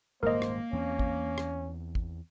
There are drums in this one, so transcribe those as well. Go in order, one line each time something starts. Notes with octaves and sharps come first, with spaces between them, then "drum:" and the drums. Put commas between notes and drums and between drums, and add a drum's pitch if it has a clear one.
D#1 G#2 A#3 A#4 C5 D#5
drum: rim click
E2 C4 C#4
drum: kick
drum: rim click
drum: kick